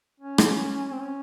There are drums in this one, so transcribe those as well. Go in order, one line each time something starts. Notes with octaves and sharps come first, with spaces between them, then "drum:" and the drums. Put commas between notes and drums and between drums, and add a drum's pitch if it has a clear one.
C#4
drum: rim click
C4
C#4